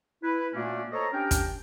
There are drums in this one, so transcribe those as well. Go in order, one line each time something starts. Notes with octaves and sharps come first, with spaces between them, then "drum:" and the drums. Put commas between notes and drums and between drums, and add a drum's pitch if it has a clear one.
E4 B4
A#2 A3 A#3 C#4 D4 F#4
A4 C5 C#5 D#5 A#5 C#6
C#4 D4 G4 A#4 G5
drum: kick, hi-hat